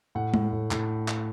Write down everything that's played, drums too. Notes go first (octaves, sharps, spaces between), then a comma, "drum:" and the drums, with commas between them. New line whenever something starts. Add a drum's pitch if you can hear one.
A2 F#5
A2, drum: tom G#3
A2
A2, drum: clap
drum: clap